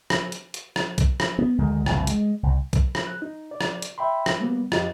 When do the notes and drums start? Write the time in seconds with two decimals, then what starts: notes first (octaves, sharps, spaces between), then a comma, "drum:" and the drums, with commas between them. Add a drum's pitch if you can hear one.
0.10 drum: rim click
0.32 drum: hi-hat
0.54 drum: hi-hat
0.76 drum: rim click
0.98 drum: kick, hi-hat
1.20 drum: rim click
1.39 B3
1.59 D2 D#3 G#3
1.86 F#1 C2 A#2 E3, drum: rim click
2.07 G#3, drum: hi-hat
2.43 C2
2.73 drum: kick, hi-hat
2.95 drum: rim click
3.07 F#6
3.22 D#4
3.51 D5
3.61 drum: rim click
3.82 drum: hi-hat
3.98 E5 G5 B5 C6
4.26 drum: rim click
4.40 G3 A#3 B3
4.72 F2 F4 G4 D#5 A6, drum: rim click